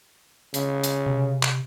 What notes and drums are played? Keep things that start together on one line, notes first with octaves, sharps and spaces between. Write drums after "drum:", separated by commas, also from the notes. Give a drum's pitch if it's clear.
C#3, drum: hi-hat
drum: hi-hat
C3
drum: clap